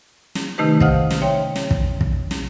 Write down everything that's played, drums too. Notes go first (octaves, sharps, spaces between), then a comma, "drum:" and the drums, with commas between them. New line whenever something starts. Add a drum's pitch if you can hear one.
drum: snare
C3 D#3 A3 D#4 G4 B4
C5 D#5 F5 F#5 D#6 F6, drum: kick
drum: snare
C#5 E5 G5 C6
drum: snare
drum: kick
drum: kick
drum: snare